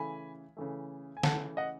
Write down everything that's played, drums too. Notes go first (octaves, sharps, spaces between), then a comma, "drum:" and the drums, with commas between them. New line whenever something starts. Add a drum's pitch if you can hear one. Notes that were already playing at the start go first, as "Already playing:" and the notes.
Already playing: C#3 E3 A3 G#5 B5
C#3 E3 A3
G#5
C#3 E3 A3 F#5 A5, drum: snare
D#5 F#5